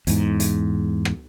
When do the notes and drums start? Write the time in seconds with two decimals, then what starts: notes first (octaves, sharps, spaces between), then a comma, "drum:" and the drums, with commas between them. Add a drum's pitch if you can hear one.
0.07 E2 G#2, drum: hi-hat
0.40 drum: hi-hat
1.05 drum: rim click